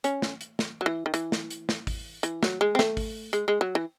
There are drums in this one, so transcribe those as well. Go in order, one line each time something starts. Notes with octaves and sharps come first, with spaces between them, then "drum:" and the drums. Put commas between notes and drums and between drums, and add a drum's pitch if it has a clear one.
C#4, drum: hi-hat
drum: snare
drum: hi-hat
drum: snare
F#3
E3
D#3
E3, drum: hi-hat
drum: snare
drum: hi-hat
drum: snare
drum: kick, open hi-hat
E3, drum: hi-hat
F#3, drum: snare
G#3
C4
A3, drum: snare
drum: kick, open hi-hat
G#3, drum: hi-hat
G#3
F#3
E3